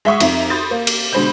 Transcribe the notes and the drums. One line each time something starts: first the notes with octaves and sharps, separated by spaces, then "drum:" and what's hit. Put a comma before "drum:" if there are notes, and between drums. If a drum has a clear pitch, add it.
G#3 E5 F#5 C#6 D#6
F2 D#4 E5 A#5, drum: cymbal
B5 C6 D#6 G6 A6
A#3
drum: cymbal
B2 D3 G#3 C5 B5 G6